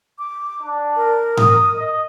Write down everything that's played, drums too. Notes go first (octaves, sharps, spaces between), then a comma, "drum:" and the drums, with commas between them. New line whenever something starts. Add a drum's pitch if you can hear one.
D6
D4
A#4
D#6, drum: tom G#2
D#5